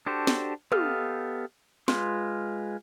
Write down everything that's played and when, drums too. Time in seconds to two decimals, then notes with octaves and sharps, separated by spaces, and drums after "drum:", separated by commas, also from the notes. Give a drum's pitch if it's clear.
0.06 D4 F#4 G4 A4 C5
0.27 drum: snare
0.72 B3 G4 A4 D#5 F5, drum: tom
1.88 G#3 F4 B4 C6, drum: snare